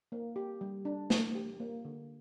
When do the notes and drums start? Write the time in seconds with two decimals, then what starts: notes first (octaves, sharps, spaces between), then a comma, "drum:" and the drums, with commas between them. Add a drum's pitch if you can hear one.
0.12 A#3
0.36 G4
0.61 G3
0.85 D4
1.10 A#3, drum: snare
1.35 G4
1.60 A#3
1.85 D3